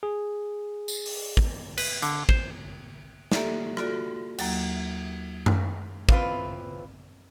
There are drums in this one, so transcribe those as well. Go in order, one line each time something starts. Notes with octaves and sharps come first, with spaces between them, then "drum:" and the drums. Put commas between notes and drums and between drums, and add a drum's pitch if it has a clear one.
G#4
drum: tambourine
drum: open hi-hat
drum: kick
B4, drum: cymbal
D3, drum: hi-hat
C5, drum: kick
A#3 G4 A4 D5 E5, drum: snare
F4 F#4 A4 D5, drum: rim click
D#2 F#3 A#3, drum: cymbal
drum: tom F#2
C#3 E3 C4 F4 B4, drum: kick